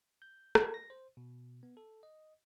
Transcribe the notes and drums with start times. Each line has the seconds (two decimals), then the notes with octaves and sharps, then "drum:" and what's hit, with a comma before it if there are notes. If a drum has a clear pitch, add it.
0.22 G6
0.55 G#6, drum: rim click
0.74 A#6
0.90 C5
1.17 B2
1.63 B3
1.77 A4
2.03 D#5